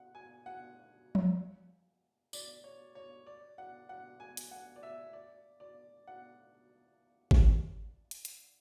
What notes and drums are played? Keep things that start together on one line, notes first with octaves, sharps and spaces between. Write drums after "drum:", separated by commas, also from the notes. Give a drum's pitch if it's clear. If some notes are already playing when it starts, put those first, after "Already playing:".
Already playing: F#5
G#5
F#5
drum: tom F3
D5, drum: tambourine
C#5
C#5
D5
F#5
F#5
G#5
drum: hi-hat
F#5
D5
E5
D5
D5
F#5
drum: kick G#1
drum: hi-hat
drum: hi-hat